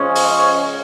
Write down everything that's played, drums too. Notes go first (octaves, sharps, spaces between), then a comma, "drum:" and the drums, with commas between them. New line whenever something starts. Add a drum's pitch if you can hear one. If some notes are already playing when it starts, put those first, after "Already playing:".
Already playing: C#3 F3 G#3 C#4
drum: open hi-hat